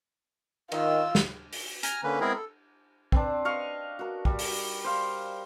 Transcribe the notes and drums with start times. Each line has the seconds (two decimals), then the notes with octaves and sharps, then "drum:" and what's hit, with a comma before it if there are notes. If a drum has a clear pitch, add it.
0.72 D#3 F4 E6, drum: cymbal
1.15 drum: snare
1.53 drum: open hi-hat
1.83 G#5 A#5 F6, drum: hi-hat
2.04 D3 A#3 C#4 B4
2.21 G#3 B3 C4 E4 G#4 A#4
2.36 A4
3.12 C4 D4 B4, drum: kick
3.45 D#5 F5 C#6
3.99 F#4 A#4
4.25 G3, drum: kick
4.39 drum: open hi-hat
4.84 C5 F5